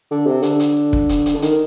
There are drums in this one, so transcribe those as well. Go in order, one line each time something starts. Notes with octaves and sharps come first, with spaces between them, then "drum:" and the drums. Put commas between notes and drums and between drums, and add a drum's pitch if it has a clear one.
D3
C3
D3, drum: hi-hat
drum: hi-hat
drum: kick
drum: hi-hat
drum: hi-hat
D3
D#3, drum: hi-hat